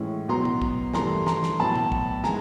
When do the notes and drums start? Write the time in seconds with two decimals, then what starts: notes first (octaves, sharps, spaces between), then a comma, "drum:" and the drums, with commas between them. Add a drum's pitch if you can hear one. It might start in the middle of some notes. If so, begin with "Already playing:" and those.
Already playing: A2 E3 G#3 C#4
0.28 B2 F#3 B3 A#5 C6
0.45 drum: tom
0.62 drum: kick
0.94 G2 E3 A3 A#5 C6, drum: snare
1.26 A#5 C6, drum: snare
1.43 drum: snare
1.60 A2 F#3 B3 A5 B5
1.76 drum: tom
1.92 drum: kick
2.24 D#3 G#3 G#5 A#5, drum: snare